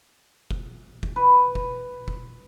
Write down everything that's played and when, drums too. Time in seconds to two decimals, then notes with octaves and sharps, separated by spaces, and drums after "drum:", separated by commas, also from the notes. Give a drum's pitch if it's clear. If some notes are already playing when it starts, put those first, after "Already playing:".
0.51 drum: kick F1
1.03 drum: kick F1
1.16 B4
1.55 drum: kick F1
2.08 drum: kick F1